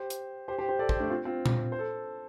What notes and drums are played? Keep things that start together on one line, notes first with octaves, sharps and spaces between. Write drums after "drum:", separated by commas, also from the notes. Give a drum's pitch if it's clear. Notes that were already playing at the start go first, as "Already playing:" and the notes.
Already playing: G4 C5
drum: hi-hat
G4 C5
G4 C5
G4 C5
A4 D5
G4 C5, drum: kick
A3 D4
C4 F4
C4 F4
drum: tom A#2
C5
A4